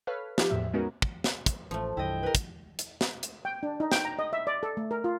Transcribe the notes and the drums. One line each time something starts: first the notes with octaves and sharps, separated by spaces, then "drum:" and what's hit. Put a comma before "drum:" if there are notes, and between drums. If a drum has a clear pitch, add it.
A4 B4 C#5 F5 F6 B6
F3 D#4 F4 G4, drum: snare
E2 A2 F3 E5
G#3 B3 C#4 D#4 F#4 A#4
drum: kick
drum: snare
drum: kick, hi-hat
A1 F3 A3
C2 G2 E3 E4 D#5 G5
A#4 B4
drum: kick, hi-hat
drum: hi-hat
drum: snare
drum: hi-hat
G5
D4
D#4
G5, drum: snare
A#5
D#5
E5
D5
A4
A3
A#4
F4